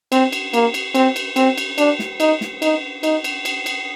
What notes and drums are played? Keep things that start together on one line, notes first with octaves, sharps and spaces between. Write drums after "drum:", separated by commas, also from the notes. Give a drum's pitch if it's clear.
C4, drum: cymbal
drum: cymbal
A#3, drum: cymbal
drum: cymbal
C4, drum: cymbal
drum: cymbal
C4, drum: cymbal
drum: cymbal
D4, drum: cymbal
drum: snare
D#4, drum: cymbal
drum: snare
D#4, drum: cymbal
D#4, drum: cymbal
drum: cymbal
drum: cymbal
drum: cymbal